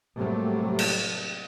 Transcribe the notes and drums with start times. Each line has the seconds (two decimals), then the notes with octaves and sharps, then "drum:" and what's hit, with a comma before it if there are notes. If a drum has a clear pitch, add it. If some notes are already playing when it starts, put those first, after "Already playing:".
0.16 A2 C3 F#3 G3 A3 A#3
0.79 drum: cymbal